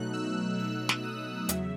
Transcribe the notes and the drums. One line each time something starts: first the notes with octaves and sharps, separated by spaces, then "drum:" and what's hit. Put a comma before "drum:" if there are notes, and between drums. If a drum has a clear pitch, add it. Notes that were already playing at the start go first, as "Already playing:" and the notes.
Already playing: B2 F#3 A3 D#4 F#6
E6
B2 F#3 A3 D#4 E6
drum: snare
D#6
E2 C#3 F#3 E5, drum: hi-hat